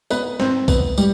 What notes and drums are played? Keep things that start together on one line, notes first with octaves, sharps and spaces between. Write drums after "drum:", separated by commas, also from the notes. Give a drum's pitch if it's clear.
B3 B4, drum: tambourine
C4 C5, drum: snare
B3 B4, drum: kick B1, tambourine
G3 G4, drum: tambourine